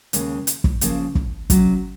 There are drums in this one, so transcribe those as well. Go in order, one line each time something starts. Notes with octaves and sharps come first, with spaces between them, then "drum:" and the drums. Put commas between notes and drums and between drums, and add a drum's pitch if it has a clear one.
D#2 C#3 G#3, drum: hi-hat
drum: hi-hat
drum: kick
C#3 F3 A#3, drum: hi-hat
drum: kick
C3 F#3 C#4, drum: kick, hi-hat